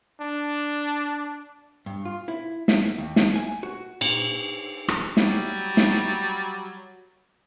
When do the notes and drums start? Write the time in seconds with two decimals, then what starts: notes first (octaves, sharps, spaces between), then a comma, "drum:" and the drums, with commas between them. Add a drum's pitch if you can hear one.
0.20 D4
1.86 G2
2.05 F4
2.28 E4
2.68 E5, drum: snare
2.98 D#2
3.16 drum: snare
3.36 G#5
3.63 F#4
4.01 A#2, drum: cymbal
4.88 drum: rim click
5.17 F#3 G3, drum: snare
5.77 drum: snare